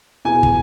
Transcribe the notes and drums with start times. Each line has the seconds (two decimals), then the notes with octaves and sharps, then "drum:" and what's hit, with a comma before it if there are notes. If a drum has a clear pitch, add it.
0.25 E2 B2 B3 E4 G#4 G#5
0.43 drum: kick